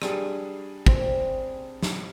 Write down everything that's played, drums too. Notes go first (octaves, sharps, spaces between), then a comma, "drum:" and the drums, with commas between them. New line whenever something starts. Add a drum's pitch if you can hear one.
G3 D4 G#4, drum: rim click
C4, drum: kick
drum: snare